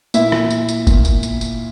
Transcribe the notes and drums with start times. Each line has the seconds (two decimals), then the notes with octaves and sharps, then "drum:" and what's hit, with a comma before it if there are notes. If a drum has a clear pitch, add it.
0.14 A#2 E4 E5, drum: tambourine
0.32 drum: rim click
0.50 drum: tambourine
0.69 drum: tambourine
0.87 A#2, drum: kick, tambourine
1.05 drum: tambourine
1.23 drum: tambourine
1.41 drum: tambourine